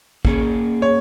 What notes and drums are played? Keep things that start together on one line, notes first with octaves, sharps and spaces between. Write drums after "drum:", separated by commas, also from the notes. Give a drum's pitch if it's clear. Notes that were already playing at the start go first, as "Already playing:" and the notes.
A#3 C#4 G#4, drum: kick
C#5